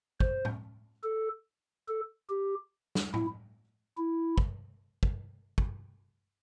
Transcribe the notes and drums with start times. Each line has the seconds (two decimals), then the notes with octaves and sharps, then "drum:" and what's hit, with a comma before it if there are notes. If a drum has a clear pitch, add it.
0.20 C5, drum: kick
0.45 drum: tom A2
1.04 A4
1.88 A4
2.30 G4
2.95 drum: snare
3.14 E4, drum: tom A2
3.97 E4
4.38 drum: kick
5.03 drum: kick
5.58 drum: kick